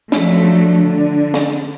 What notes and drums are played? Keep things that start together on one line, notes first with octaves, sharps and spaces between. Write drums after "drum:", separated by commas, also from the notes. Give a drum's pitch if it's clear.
F3 F#3 A3 D4, drum: snare
D3
drum: snare